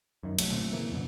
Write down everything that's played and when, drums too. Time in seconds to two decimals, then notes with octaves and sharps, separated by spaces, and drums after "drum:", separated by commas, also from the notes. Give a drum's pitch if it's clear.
0.23 F#2 D#3
0.39 C2 F#3 A3, drum: cymbal
0.52 A#2 D3 A3 C4
0.73 C#3 E3 A#3
0.92 F2 B2 D3